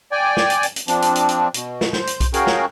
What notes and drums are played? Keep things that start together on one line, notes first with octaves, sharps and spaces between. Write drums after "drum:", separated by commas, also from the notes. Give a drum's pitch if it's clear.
D5 G5 G#5
drum: snare
drum: hi-hat
drum: hi-hat
drum: hi-hat
F3 C4 D4, drum: hi-hat
drum: hi-hat
drum: hi-hat
drum: hi-hat
B2, drum: hi-hat
drum: snare
C5 G6, drum: snare
drum: hi-hat
drum: kick B1, hi-hat
C#4 F#4 G#4 A#4 F5 G5, drum: hi-hat
drum: snare